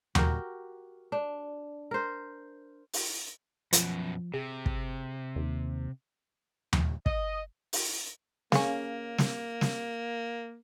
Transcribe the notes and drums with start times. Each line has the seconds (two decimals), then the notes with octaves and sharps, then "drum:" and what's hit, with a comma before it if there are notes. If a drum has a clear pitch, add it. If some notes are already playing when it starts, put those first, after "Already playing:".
0.15 F#4 G4 A#4, drum: tom D#2
1.12 D4
1.91 A#4 C5
2.93 drum: open hi-hat
3.73 F#2 B2 F3, drum: hi-hat
4.34 C3 G#4
4.66 drum: kick
5.36 D#2
6.73 drum: tom D#2
7.06 D#5, drum: kick
7.73 drum: open hi-hat
8.52 C#3 A#3 C#4, drum: snare
9.18 drum: snare
9.61 drum: snare